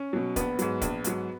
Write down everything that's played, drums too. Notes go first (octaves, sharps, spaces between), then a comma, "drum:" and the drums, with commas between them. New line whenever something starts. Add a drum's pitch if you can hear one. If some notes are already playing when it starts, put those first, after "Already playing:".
Already playing: C#4
B2 F#3
A#1 B3, drum: kick, hi-hat
G#2 F#3, drum: hi-hat
A#1, drum: kick, hi-hat
G#2 F#3, drum: hi-hat